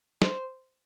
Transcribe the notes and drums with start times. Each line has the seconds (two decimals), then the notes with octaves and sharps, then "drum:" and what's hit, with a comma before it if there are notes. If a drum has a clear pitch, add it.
0.22 C5, drum: snare